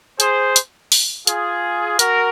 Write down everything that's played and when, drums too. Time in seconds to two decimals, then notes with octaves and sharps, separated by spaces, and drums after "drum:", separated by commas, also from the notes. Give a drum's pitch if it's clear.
0.20 G#4 C5, drum: hi-hat
0.56 drum: hi-hat
0.92 drum: open hi-hat
1.27 F4 G#4, drum: hi-hat
1.99 F#4 A#4, drum: hi-hat